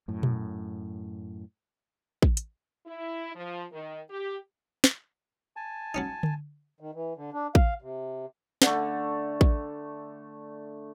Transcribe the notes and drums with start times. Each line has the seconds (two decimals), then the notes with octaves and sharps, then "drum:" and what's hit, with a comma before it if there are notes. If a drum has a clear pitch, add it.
0.08 F#2 A2
0.23 drum: tom A#2
2.22 drum: kick A1
2.37 drum: hi-hat
2.87 E4
3.35 F3
3.72 D#3
4.10 G4
4.84 drum: snare
5.56 G#5 A5
5.94 F#3 C#4 D#4
6.23 drum: tom D3
6.81 D#3
6.94 E3
7.17 D3
7.33 D4
7.55 F5, drum: kick A1
7.82 C3
8.62 D3 A3, drum: snare
9.41 drum: kick A1